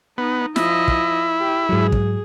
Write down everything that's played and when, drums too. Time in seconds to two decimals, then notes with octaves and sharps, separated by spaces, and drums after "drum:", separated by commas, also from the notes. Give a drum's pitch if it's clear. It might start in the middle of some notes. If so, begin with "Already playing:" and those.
0.18 B3 D#4
0.56 F3 E4 D#5, drum: snare
0.88 drum: kick
1.40 G4
1.69 G#2 F#3 G#4
1.92 drum: kick